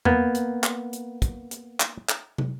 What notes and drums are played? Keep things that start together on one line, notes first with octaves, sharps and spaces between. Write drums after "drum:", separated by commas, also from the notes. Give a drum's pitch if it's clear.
A#3 B3, drum: tom E2
drum: hi-hat
drum: clap
drum: hi-hat
drum: kick, hi-hat
drum: hi-hat
drum: clap
drum: clap
drum: tom